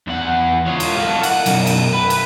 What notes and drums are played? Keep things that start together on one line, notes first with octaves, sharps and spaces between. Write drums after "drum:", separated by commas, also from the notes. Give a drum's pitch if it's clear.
E2 F#5
F4 C#5
drum: cymbal
A4 F5
F#5, drum: cymbal
B1 F#2, drum: cymbal
drum: cymbal
B4
drum: cymbal